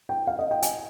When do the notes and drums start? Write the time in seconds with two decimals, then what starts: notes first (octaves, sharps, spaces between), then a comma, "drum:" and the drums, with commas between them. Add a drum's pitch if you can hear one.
0.09 G5
0.27 F5
0.39 D#5
0.51 G5
0.62 G#5, drum: hi-hat